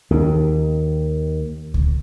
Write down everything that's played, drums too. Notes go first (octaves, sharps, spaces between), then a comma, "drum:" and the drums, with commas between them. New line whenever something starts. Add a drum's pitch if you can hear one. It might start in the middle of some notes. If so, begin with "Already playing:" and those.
D#2 D#3
drum: kick C#2